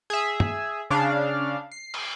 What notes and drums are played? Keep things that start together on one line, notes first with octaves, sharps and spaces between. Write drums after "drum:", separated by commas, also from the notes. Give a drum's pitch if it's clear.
G#4 E5
drum: tom
C#3 D4 F5
C7
drum: cymbal